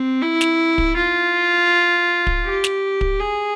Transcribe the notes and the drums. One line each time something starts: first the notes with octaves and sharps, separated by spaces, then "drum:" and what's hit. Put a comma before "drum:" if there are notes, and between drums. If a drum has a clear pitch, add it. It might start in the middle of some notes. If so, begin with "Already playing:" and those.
Already playing: C4
E4
drum: snare
drum: kick
F4
drum: kick
G4
drum: snare
drum: kick
G#4